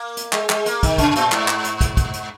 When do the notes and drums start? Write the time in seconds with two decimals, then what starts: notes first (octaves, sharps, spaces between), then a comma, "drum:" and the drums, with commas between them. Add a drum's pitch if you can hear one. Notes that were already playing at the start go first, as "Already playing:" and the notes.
Already playing: A#3
0.17 drum: hi-hat
0.33 G#3, drum: clap
0.50 G#3, drum: clap
0.66 A#3, drum: hi-hat
0.83 D#3, drum: kick, hi-hat
0.98 C#3, drum: kick, hi-hat
1.16 A#2, drum: hi-hat
1.32 G#2, drum: clap
1.48 drum: clap
1.64 drum: hi-hat
1.81 drum: kick, hi-hat
1.97 drum: kick, hi-hat
2.13 drum: hi-hat